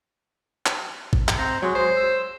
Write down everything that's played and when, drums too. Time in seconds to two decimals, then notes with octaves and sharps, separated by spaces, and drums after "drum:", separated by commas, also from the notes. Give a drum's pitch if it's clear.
0.66 drum: clap
1.13 drum: kick A1
1.28 drum: clap
1.38 C4 C5 A#5
1.62 F#3 G#3 C#5
1.75 C5
1.96 E6